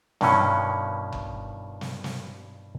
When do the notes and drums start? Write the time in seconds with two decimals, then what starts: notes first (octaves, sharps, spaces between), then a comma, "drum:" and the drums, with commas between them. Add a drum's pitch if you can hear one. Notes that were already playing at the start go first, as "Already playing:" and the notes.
0.21 G2 B2 D#3 E3 C#4, drum: snare
1.12 drum: kick F#1
1.81 drum: snare
2.04 drum: snare